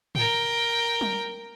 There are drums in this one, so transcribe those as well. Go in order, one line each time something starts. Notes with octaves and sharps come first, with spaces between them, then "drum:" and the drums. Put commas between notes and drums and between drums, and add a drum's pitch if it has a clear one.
A#4 G5, drum: tom G#2
drum: tom F#3